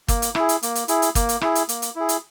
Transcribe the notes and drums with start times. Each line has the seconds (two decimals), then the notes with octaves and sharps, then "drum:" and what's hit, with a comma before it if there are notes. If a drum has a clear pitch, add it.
0.08 A#3, drum: kick, hi-hat
0.22 drum: hi-hat
0.35 E4 G#4, drum: rim click
0.49 drum: hi-hat
0.63 A#3, drum: hi-hat
0.75 drum: hi-hat
0.88 E4 G#4, drum: hi-hat
1.02 drum: hi-hat
1.15 A#3, drum: kick, hi-hat
1.29 drum: hi-hat
1.41 E4 G#4, drum: rim click
1.55 drum: hi-hat
1.69 A#3, drum: hi-hat
1.82 drum: hi-hat
1.95 E4 G#4
2.09 drum: hi-hat